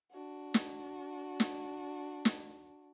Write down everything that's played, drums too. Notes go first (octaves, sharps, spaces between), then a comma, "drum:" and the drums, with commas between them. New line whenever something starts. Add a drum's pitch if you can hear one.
D4 F#4
drum: snare
drum: snare
drum: snare